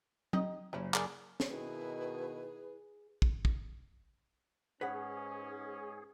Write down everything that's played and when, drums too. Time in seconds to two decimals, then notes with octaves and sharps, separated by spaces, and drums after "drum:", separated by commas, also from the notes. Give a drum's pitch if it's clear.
0.33 D#4 G4 D#5, drum: tom
0.73 F#1 G3 C#4 E4
0.94 G#4 A#4 D5, drum: clap
1.40 drum: snare
1.50 B2 D#3 E4 G#4 B4
3.22 drum: kick
3.45 drum: kick
4.81 G#2 C#4 G#4 B4 C#5 F#5